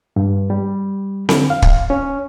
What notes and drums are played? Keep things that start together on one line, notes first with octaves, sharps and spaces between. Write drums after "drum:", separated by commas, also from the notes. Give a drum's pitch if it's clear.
G2
G3
D3, drum: snare C4
F5
drum: kick
C#4